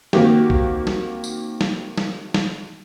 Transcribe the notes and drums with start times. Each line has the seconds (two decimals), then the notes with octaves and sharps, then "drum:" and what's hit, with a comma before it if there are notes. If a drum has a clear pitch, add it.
0.13 D#3 A#3 C4 F#4 G4, drum: snare
0.50 drum: kick B1
0.87 drum: snare
1.24 drum: tambourine
1.61 drum: snare
1.98 drum: snare
2.34 drum: snare